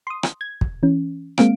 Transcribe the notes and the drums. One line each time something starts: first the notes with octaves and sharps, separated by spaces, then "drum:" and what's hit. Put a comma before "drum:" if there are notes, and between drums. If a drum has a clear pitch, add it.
C6 D#6
drum: rim click
G#6
drum: kick
E3 C#4
G#3 A#3 C4 F5 D7, drum: rim click